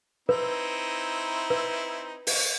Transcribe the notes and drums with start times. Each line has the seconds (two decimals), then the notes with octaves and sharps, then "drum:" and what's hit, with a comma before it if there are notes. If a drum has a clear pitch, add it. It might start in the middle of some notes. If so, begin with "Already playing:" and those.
0.29 C4 D#4 E4 B4
1.50 B4
2.27 drum: open hi-hat